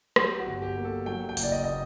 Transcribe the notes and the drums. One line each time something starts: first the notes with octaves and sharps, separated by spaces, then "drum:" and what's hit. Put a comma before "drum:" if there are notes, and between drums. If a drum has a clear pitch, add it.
F#3 G4, drum: rim click
F#4
G1
G4
A#3
A4
F#3 G5
G5
F#1, drum: open hi-hat
D5
D#5
D#5